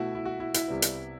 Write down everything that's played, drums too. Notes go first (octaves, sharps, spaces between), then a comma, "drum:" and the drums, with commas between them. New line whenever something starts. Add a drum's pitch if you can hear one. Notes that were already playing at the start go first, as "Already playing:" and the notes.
Already playing: B2 A3 E4 F#4
E4
F#4
E4
E4, drum: hi-hat
C2 C3 G3 B3
drum: hi-hat